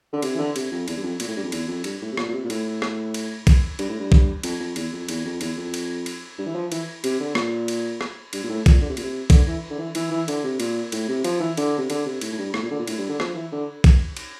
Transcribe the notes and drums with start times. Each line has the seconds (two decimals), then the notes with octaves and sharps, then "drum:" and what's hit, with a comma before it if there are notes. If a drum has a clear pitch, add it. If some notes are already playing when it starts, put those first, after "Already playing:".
0.13 D3
0.22 C3, drum: cymbal
0.35 E3
0.38 D3
0.56 C3, drum: cymbal
0.72 F2
0.88 E2, drum: cymbal
0.96 G2
1.03 F2
1.20 A#2, drum: cymbal
1.28 A2
1.37 G2
1.44 F2
1.52 E2, drum: cymbal
1.68 F2
1.84 G2, drum: cymbal
2.02 A2
2.12 C3
2.17 A#2, drum: rim click
2.29 A#2
2.34 C3
2.45 A#2
2.50 A2, drum: cymbal
2.82 drum: rim click
3.14 drum: cymbal
3.47 drum: kick, cymbal
3.79 G2, drum: cymbal
3.89 A2
3.99 G2
4.12 drum: kick
4.43 F2, drum: cymbal
4.60 F2
4.76 E2, drum: cymbal
4.93 F2
5.09 E2, drum: cymbal
5.25 F2
5.41 E2, drum: cymbal
5.57 F2
5.74 drum: cymbal
6.06 drum: cymbal
6.38 G2
6.46 E3
6.54 F3
6.72 E3, drum: cymbal
7.04 C3, drum: cymbal
7.20 D3
7.35 A#2, drum: rim click
7.68 drum: cymbal
8.01 drum: rim click
8.33 G2, drum: cymbal
8.44 A#2
8.49 A2
8.66 A#2, drum: kick, cymbal
8.81 D3
8.89 C3
8.97 A#2, drum: cymbal
9.03 C3
9.30 D3, drum: kick, cymbal
9.47 E3
9.70 D3
9.78 E3
9.95 E3, drum: cymbal
10.11 E3
10.28 D3, drum: cymbal
10.44 C3
10.60 A#2, drum: cymbal
10.92 A2, drum: cymbal
11.08 C3
11.24 F3, drum: cymbal
11.40 E3
11.57 D3, drum: cymbal
11.78 C3
11.90 D3, drum: cymbal
12.06 C3
12.21 A2, drum: cymbal
12.32 A2
12.38 G2
12.54 A2, drum: rim click
12.62 A#2
12.71 D3
12.79 A#2
12.87 A2, drum: cymbal
12.98 G2
13.09 D3
13.20 F3, drum: rim click
13.35 E3
13.52 D3
13.84 drum: kick, cymbal
14.17 drum: cymbal